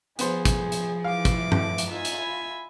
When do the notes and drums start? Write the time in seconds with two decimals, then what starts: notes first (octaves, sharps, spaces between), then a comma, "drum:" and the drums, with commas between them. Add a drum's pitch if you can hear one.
0.19 F3 B3 G#4 C5, drum: hi-hat
0.45 drum: kick, hi-hat
0.72 drum: hi-hat
1.04 E3 F5 D6
1.25 drum: kick, hi-hat
1.40 E4
1.52 drum: tom G2
1.78 drum: hi-hat
1.89 D#4 F4 E5 G#5
2.05 drum: hi-hat
2.21 B5